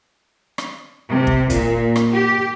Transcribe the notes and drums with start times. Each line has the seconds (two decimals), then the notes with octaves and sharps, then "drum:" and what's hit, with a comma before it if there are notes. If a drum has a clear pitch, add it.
0.58 drum: rim click
1.09 C3
1.27 drum: kick
1.50 A#2, drum: kick, hi-hat
1.96 drum: rim click
2.13 G4